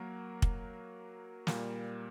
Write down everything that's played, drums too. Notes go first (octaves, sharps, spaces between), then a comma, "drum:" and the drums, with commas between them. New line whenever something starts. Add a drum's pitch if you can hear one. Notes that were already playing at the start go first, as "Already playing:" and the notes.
Already playing: F#3 A#3 F#4 A#4
drum: kick
A#2 G3 A#3, drum: snare